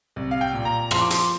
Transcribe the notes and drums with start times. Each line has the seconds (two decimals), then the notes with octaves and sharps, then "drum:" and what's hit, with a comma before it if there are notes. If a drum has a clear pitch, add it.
0.16 C2
0.31 F5
0.41 G5
0.53 A#2
0.65 A#5
0.91 F3 C6, drum: rim click
1.01 D6
1.10 C6, drum: hi-hat